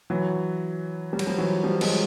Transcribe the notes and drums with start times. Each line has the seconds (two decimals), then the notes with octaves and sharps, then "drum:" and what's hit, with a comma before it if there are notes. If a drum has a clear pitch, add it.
0.10 E3 F#3
1.13 G3
1.19 F#3, drum: cymbal
1.27 F3 G3
1.38 E3 F#3
1.64 F3 G3
1.81 F#3 G#3, drum: cymbal